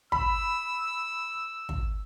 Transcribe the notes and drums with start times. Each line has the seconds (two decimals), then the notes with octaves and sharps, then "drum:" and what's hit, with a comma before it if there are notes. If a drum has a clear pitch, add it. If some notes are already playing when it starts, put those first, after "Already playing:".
0.12 B5 E6, drum: kick
1.69 drum: kick